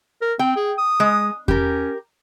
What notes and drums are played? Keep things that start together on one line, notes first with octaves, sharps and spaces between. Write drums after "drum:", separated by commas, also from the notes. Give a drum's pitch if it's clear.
A#4
C4 G5
G#4
D#6
G#3
C#4 G4 A#4, drum: kick E2